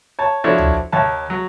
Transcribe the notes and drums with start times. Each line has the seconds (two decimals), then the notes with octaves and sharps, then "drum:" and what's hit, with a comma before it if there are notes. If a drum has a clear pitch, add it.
0.19 C#5 A5
0.44 F3 D4 E4 F#4 A4 C#5
0.58 drum: tom
0.92 D#2 C#5 A5
1.30 F#3